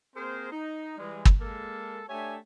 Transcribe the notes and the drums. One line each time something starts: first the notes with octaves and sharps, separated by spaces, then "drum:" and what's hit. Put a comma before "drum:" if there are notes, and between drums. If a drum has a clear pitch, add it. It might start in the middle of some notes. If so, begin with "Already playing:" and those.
A#3 C4 G#4 A#4 C5
D#4
E3 G3 G#3
drum: kick
G#3 A#3 A4
A3 D4 G4 C#5 E5 G#5